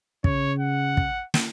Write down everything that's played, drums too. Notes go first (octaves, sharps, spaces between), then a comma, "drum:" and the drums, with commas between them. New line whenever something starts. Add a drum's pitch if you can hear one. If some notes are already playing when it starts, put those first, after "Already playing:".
C#3 C#5, drum: kick
F#5
drum: kick
drum: snare